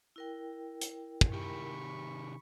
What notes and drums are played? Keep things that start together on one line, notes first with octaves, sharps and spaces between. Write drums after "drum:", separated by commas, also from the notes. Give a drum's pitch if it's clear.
E4 A#4 G5
drum: hi-hat
drum: kick
C3 D#3 G4 B5 C#6